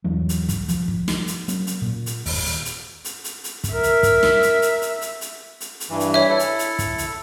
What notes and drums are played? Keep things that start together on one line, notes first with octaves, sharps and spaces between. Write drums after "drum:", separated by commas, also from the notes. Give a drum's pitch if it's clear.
E2 E3 F#3
drum: hi-hat
drum: kick, hi-hat
F3, drum: hi-hat
drum: kick
drum: snare
drum: hi-hat
F#3 A#3 C#4, drum: hi-hat
drum: hi-hat
A#2
drum: hi-hat
G1 D#2, drum: open hi-hat
drum: hi-hat
drum: hi-hat
drum: hi-hat
drum: hi-hat
drum: hi-hat
drum: kick, hi-hat
A#4 E5
drum: hi-hat
drum: kick, hi-hat
drum: snare
drum: hi-hat
drum: hi-hat
drum: hi-hat
drum: hi-hat
drum: hi-hat
drum: hi-hat
drum: hi-hat
G2 E3
drum: hi-hat
C#5 E5
E4 A4
drum: hi-hat
drum: hi-hat
drum: kick, hi-hat
drum: hi-hat